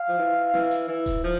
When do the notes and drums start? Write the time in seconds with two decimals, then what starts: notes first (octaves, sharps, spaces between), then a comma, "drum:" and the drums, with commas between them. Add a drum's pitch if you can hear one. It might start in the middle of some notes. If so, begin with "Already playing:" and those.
Already playing: F5
0.09 F3
0.19 E3
0.54 E3, drum: snare
0.71 drum: hi-hat
0.88 E3
1.06 drum: kick D#1, hi-hat
1.24 F3